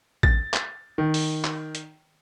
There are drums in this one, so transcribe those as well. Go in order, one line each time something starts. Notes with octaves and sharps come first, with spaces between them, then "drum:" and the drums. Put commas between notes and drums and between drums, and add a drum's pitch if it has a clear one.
A6, drum: kick A1
drum: clap
D#3
drum: open hi-hat
drum: clap
drum: hi-hat